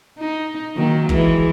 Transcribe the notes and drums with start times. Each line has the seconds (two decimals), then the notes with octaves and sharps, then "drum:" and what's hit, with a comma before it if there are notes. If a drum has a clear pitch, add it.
0.19 D#4
0.76 D#3 F#3 A#3
1.09 E3 G#3, drum: kick